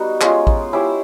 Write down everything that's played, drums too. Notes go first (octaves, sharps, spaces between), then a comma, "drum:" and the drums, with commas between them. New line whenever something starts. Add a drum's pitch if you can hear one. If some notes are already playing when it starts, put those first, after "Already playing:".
Already playing: G3 B3 D#4 F#4
G#3 C#4 F4, drum: clap
drum: kick A1
C#4 E4 G4 C5